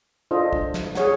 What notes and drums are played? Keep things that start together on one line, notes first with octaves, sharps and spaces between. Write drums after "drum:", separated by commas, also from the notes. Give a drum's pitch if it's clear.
D4 F4 A4 C5 D#5
drum: kick
drum: snare
G#4 C#5 F#5, drum: snare